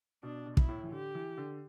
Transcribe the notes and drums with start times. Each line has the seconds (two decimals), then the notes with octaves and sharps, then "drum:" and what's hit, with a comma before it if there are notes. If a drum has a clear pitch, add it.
0.23 B2 D4
0.46 B2
0.57 E4, drum: kick
0.68 A2
0.84 E3
0.91 D3 G4
1.15 E3
1.37 D3